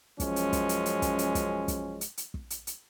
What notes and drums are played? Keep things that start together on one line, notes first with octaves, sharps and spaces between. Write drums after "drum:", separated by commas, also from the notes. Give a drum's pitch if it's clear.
F#2 F3 G#3 C#4, drum: kick, hi-hat
drum: hi-hat
drum: kick, hi-hat
drum: hi-hat
drum: hi-hat
drum: kick, hi-hat
drum: hi-hat
drum: kick, hi-hat
drum: kick, hi-hat
drum: hi-hat
drum: hi-hat
drum: kick
drum: hi-hat
drum: hi-hat